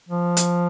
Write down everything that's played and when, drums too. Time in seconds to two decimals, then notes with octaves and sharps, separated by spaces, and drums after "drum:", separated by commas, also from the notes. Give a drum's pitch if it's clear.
0.09 F3
0.37 drum: hi-hat